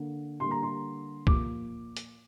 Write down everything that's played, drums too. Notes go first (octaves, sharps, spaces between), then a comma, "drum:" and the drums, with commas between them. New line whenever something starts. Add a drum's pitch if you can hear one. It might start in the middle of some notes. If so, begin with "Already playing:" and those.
Already playing: D3 A#3
D3 G3 A#3 C6
A#5
C6
A#2 F3 A#3 D6, drum: kick C2
drum: hi-hat